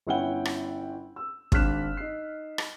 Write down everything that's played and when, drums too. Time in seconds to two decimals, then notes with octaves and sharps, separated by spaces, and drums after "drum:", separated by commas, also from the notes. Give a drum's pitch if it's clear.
0.07 G1 C#4 E4 F#5 G5 G7
0.45 drum: rim click
1.16 E6
1.52 G#1 D4 F6 F#6 B6 E7, drum: kick
1.97 D#4 C7
2.58 drum: rim click